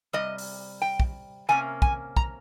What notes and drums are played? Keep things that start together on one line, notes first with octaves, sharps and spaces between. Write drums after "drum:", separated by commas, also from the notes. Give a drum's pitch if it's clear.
C3 G3 D#5
drum: open hi-hat
G5
drum: kick
C3 G3 A#3 C#4 G#5
G#5, drum: kick
A#5, drum: kick